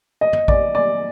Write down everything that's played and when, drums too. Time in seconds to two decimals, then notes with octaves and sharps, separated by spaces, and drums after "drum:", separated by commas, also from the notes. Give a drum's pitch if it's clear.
0.21 D#5
0.33 drum: tom
0.48 D5, drum: kick A1
0.75 D5